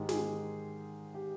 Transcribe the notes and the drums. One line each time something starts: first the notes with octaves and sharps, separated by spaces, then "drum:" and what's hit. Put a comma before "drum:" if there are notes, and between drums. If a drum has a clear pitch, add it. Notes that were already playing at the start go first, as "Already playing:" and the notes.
Already playing: G#2 D#3 G#3 G4
G#4, drum: snare
G4